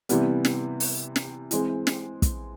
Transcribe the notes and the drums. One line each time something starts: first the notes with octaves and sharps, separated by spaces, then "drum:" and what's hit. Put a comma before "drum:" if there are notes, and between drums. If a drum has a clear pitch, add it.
C3 E3 G3 B3, drum: hi-hat
drum: snare
drum: open hi-hat
drum: snare
E3 G#3 C4, drum: hi-hat
drum: snare
drum: kick, hi-hat